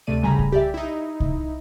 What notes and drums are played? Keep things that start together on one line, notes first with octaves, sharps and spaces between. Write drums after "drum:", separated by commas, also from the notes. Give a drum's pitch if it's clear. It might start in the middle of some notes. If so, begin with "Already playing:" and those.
D2 C3 A3 D5 D#7
A1 C#3 G3 G#5 A#5 B5
drum: kick C2
G4 D5 E5
D#4 E4
drum: kick C2